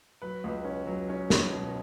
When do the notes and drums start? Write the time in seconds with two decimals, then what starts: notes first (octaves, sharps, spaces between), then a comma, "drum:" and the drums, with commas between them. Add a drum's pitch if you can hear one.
0.22 F#3 B4
0.44 C#2
0.65 C#4
0.87 F#3
1.09 C#4
1.30 C#4, drum: snare
1.52 B2